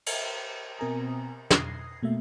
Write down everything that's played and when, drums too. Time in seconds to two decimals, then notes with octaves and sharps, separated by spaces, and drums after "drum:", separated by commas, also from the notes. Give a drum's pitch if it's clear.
0.06 drum: cymbal
0.78 B2 C4 A#4 G#5 A#5 D#6
1.50 D#6 G#6 A#6 C7, drum: snare
2.02 B2 A3 A#3 E5